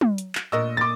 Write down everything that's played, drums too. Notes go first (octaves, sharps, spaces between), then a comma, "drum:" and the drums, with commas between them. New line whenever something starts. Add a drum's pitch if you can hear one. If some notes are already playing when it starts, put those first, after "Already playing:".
drum: tom
drum: hi-hat
drum: clap
A#2 D4 A#4 D#5 C#6 E6
D6 A6